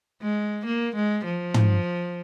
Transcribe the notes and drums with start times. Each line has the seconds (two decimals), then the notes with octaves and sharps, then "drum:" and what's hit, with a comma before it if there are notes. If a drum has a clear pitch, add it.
0.22 G#3
0.66 A#3
0.95 G#3
1.25 F3
1.54 drum: tom